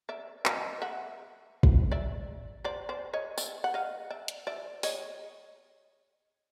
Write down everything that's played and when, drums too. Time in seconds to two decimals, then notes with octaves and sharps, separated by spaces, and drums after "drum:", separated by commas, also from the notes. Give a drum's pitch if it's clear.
0.09 D5 E5
0.46 D#5 F5, drum: clap
0.82 E5 F#5
1.63 drum: kick
1.92 D5 E5
2.64 C5 D5
2.89 C5 D5
3.13 C#5 D#5
3.38 D5 E5, drum: tambourine
3.64 F#5
3.74 D#5 F5
4.10 D5 E5
4.28 drum: hi-hat
4.47 D5 E5
4.83 C#5 D#5, drum: open hi-hat